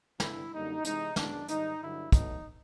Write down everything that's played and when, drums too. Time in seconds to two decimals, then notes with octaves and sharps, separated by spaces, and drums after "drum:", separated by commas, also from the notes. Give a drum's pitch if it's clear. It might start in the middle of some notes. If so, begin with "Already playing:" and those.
0.20 G2 D3 G3 B3 E4, drum: snare
0.52 F#2 D3 G3 A#3 D#4
0.84 C3 E3 G#3 D#4, drum: hi-hat
1.16 F#2 D#3 G#3 B3 D4, drum: snare
1.48 G#2 D#3 G3 D#4, drum: hi-hat
1.80 G2 D3 F#3 E4
2.12 B2 F#3 A3 D#4, drum: kick, hi-hat